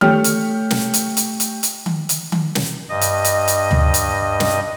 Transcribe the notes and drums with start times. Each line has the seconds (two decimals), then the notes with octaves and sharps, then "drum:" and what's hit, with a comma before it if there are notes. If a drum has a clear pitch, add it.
0.01 A3 G4 C#5 F6, drum: tom D#3
0.24 drum: hi-hat
0.70 drum: snare
0.94 drum: hi-hat
1.17 drum: hi-hat
1.40 drum: hi-hat
1.63 drum: hi-hat
1.86 drum: tom D#3
2.09 drum: hi-hat
2.32 drum: tom D#3
2.55 drum: snare
2.89 G2 D#5
3.01 drum: hi-hat
3.25 drum: hi-hat
3.48 drum: hi-hat
3.71 drum: tom D2
3.94 drum: hi-hat
4.40 drum: snare